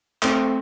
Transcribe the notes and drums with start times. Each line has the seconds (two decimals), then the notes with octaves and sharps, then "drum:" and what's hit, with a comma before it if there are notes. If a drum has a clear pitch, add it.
0.22 A3 C4, drum: clap